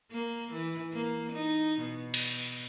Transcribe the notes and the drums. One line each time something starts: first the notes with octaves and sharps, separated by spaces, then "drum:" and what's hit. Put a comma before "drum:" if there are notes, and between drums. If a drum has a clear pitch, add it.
A#3
E3
A#3
D#4
B2
drum: cymbal